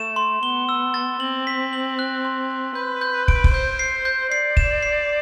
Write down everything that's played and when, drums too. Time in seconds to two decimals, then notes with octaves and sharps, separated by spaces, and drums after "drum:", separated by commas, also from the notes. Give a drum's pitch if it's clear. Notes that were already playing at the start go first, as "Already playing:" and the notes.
Already playing: A3 E7
0.16 C6
0.43 B3 G7
0.69 E6
0.94 A6
1.20 C4 F#7
1.47 B6
1.73 F#7
1.99 F#6
2.25 C6
2.50 F#6
2.75 B4 G6
3.01 G6
3.28 D7, drum: kick
3.44 drum: kick
3.53 C5 G6
3.79 C7
4.05 G6
4.31 D5 C7
4.57 E7, drum: kick
4.83 C7